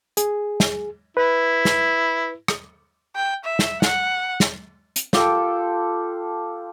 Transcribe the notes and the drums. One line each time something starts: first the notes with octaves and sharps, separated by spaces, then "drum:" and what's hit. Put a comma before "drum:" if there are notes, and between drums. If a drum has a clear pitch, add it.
G#4, drum: hi-hat
drum: snare
E4 B4
drum: snare
drum: rim click
G5
E5
drum: snare
F#5, drum: snare
drum: snare
drum: hi-hat
F4 G4 A4 D6, drum: snare